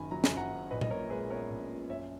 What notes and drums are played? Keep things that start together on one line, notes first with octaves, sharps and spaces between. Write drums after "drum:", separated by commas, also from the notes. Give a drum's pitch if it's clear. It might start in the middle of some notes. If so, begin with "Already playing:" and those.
Already playing: F#1 F#2 D#3 G#5 B5
F#3 A#5
G#5, drum: snare
F#1
F#5 A#5
F#2
A#1 B4 D#5
D#5, drum: tom A#2
A#2 A#4 C#5
G#3 G#4 B4
B3 A#4 C#5
A#1
A#2
F#2 C#5 E5